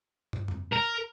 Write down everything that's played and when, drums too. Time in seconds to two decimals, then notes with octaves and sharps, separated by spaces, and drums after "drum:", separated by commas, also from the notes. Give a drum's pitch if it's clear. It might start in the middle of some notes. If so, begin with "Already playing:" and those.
0.33 drum: tom
0.48 drum: tom
0.73 A#4